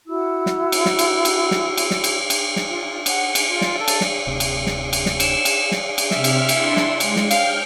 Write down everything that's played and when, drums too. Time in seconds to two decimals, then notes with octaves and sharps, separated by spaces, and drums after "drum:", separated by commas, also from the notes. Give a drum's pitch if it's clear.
0.07 E4 F#4 E6
0.46 drum: snare
0.72 drum: cymbal
0.85 drum: snare
0.99 drum: cymbal
1.25 drum: cymbal
1.51 drum: snare
1.77 drum: cymbal
1.91 drum: snare
2.04 drum: cymbal
2.30 drum: cymbal
2.56 drum: snare
2.68 F4
2.87 F4
3.06 F#5, drum: cymbal
3.35 drum: cymbal
3.49 F4
3.61 drum: snare
3.78 A4
3.88 drum: cymbal
4.01 drum: snare
4.27 D1 C3
4.40 drum: cymbal
4.66 drum: snare
4.93 drum: cymbal
5.06 drum: snare
5.20 E7, drum: cymbal
5.45 drum: cymbal
5.72 drum: snare
5.98 drum: cymbal
6.11 C3 E5 F6, drum: snare
6.24 drum: cymbal
6.49 D4 E4 C6, drum: cymbal
6.77 drum: snare
7.00 G#3, drum: cymbal
7.16 drum: snare
7.31 F5 G5 F6, drum: cymbal